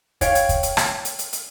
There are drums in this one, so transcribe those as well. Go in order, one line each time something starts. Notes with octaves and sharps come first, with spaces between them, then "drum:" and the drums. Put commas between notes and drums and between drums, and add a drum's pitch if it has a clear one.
C#5 F5 G5, drum: kick, hi-hat
drum: hi-hat
drum: kick, hi-hat
drum: hi-hat
drum: rim click
drum: hi-hat
drum: hi-hat
drum: hi-hat